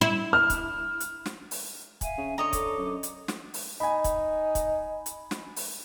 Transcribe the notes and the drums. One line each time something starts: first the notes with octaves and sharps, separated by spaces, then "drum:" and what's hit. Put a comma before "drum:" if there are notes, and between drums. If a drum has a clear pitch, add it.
E4
F6
drum: kick, hi-hat
drum: hi-hat
drum: snare
drum: open hi-hat
E5 F5 G#5, drum: kick, hi-hat
C#3
D3 C#5 D#5 A#5
A4 D6, drum: kick, hi-hat
F#2
drum: hi-hat
drum: snare
drum: open hi-hat
D#4 G#5 B5
drum: kick, hi-hat
drum: kick, hi-hat
drum: hi-hat
drum: snare
drum: open hi-hat